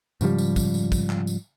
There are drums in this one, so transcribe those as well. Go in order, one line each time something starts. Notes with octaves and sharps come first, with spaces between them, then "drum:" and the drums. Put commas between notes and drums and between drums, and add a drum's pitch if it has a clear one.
G#2 C#3 F3 G3, drum: tambourine
drum: tambourine
drum: kick, tambourine
drum: tambourine
drum: kick, tambourine
drum: clap
drum: tambourine